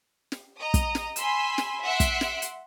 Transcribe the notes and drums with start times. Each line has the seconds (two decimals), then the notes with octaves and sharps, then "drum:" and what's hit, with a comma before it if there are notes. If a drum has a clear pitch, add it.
0.32 drum: snare
0.60 D#5 A#5 D#6
0.74 drum: kick, hi-hat
0.95 drum: snare
1.16 G#5 B5 C6 E6, drum: hi-hat
1.58 drum: snare
1.85 E5 F#5 C6 E6 F#6 D7
2.00 drum: kick, hi-hat
2.21 drum: snare
2.42 drum: hi-hat